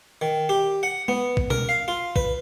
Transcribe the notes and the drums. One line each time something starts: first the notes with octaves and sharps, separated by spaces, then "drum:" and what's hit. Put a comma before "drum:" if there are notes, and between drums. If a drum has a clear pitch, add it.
D#3
G4
F#5
B3, drum: tom G#3
drum: kick A#1
A#4, drum: tom B2
F5
F4
B4, drum: kick A#1